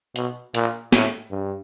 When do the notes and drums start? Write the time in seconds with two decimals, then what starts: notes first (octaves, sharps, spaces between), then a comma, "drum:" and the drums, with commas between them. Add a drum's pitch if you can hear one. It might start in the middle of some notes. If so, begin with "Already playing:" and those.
0.16 B2, drum: hi-hat
0.54 A#2, drum: hi-hat
0.92 A2, drum: snare
1.31 G2